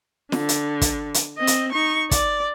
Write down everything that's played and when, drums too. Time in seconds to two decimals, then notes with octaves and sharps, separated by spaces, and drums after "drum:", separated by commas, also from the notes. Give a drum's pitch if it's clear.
0.32 D3, drum: snare
0.49 drum: hi-hat
0.81 drum: kick, hi-hat
1.14 drum: hi-hat
1.38 C4 D#5
1.47 drum: hi-hat
1.72 D#4 C#6
2.11 D5, drum: kick, hi-hat